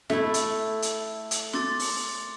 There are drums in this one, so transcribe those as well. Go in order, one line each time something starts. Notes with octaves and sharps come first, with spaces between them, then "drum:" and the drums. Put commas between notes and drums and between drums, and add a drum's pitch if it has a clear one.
A3 E4, drum: snare
drum: hi-hat
drum: hi-hat
drum: hi-hat
C6 D6 A6, drum: snare
drum: open hi-hat